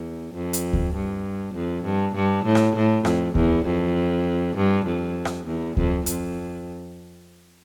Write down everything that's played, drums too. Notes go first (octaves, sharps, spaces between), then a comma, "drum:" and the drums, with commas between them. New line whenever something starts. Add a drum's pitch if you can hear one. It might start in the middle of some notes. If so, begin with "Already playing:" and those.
Already playing: E2
F2
drum: hi-hat
drum: kick D2
G2
F2
G2
G2
A2
drum: rim click
A2
F2, drum: rim click
E2, drum: kick D2
F2
G2
F2
drum: rim click
E2
F2, drum: kick D2
F2, drum: hi-hat